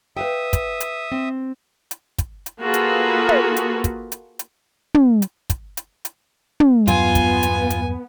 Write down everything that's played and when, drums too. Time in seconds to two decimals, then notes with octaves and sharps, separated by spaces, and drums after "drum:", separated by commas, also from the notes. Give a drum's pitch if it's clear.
0.17 B4 E5 F5 G5 D#6
0.53 drum: kick, hi-hat
0.80 drum: hi-hat
1.12 C4
1.91 drum: hi-hat
2.18 drum: kick, hi-hat
2.46 drum: hi-hat
2.60 A#3 F4 F#4 G#4 A4 B4
2.74 drum: hi-hat
3.29 drum: tom
3.56 drum: hi-hat
3.84 drum: kick, hi-hat
4.12 drum: hi-hat
4.39 drum: hi-hat
4.94 drum: tom
5.22 drum: hi-hat
5.50 drum: kick, hi-hat
5.77 drum: hi-hat
6.05 drum: hi-hat
6.60 drum: tom
6.88 E2 G2 F#3 B3 F4 G#5, drum: hi-hat
7.15 drum: kick, hi-hat
7.43 drum: hi-hat
7.70 drum: hi-hat